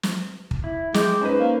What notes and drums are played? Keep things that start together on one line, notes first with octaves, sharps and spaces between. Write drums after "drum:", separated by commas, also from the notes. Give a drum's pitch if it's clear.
drum: snare
drum: kick
E4
G#3 G4 G6, drum: snare
C#4 D#4 B4 C5
A#3